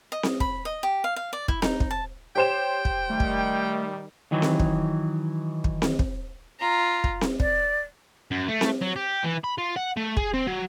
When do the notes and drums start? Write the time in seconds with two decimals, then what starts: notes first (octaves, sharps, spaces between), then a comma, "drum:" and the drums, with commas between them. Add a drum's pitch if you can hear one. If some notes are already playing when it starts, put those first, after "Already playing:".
0.12 D#5
0.23 drum: snare C4
0.40 B5, drum: kick
0.65 D#5
0.83 G4
1.04 F5
1.16 F5
1.33 D5
1.48 E4, drum: kick
1.62 D#4, drum: snare C4
1.80 drum: kick
1.91 A5
2.36 G4 C5 C#5 G5 E7
2.85 drum: kick
3.09 D#3 G3 A3
3.20 drum: kick
4.32 D#3 E3 F#3
4.42 drum: snare C4
4.60 drum: kick
5.64 drum: kick
5.82 drum: snare C4
5.99 drum: kick
6.60 F4 A#5
7.04 drum: kick
7.21 drum: snare C4
7.40 D5, drum: kick
8.31 F#2
8.48 A3
8.61 drum: snare C4
8.81 F#3
8.96 G4
9.24 E3
9.44 B5
9.58 F4
9.76 F#5
9.97 A3
10.17 G#4, drum: kick
10.33 C4
10.47 F#3